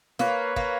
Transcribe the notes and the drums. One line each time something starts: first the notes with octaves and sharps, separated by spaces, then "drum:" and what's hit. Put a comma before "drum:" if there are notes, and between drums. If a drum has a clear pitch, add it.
A#3 B4 C#5, drum: snare
A#3, drum: kick